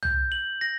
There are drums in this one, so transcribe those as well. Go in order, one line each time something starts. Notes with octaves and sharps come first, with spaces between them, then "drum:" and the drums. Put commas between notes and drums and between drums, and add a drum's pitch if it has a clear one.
G6, drum: tom C2
F#7
A#6